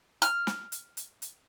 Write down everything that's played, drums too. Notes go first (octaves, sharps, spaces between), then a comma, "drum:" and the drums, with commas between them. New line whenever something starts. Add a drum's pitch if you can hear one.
F6, drum: hi-hat
drum: snare
drum: hi-hat
drum: hi-hat
drum: hi-hat